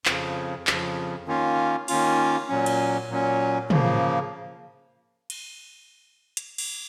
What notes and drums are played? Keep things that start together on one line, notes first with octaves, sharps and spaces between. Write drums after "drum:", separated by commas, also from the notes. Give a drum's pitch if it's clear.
F2 C#3 F3, drum: clap
F2 C#3 F3, drum: clap
D#3 A#3 C#4 F4
D#3 A#3 C#4 F4, drum: cymbal
A#2 F#3 C#4
drum: cymbal
A#2 F#3 C#4
C#3 F3 A#3, drum: tom
drum: cymbal
drum: hi-hat
drum: cymbal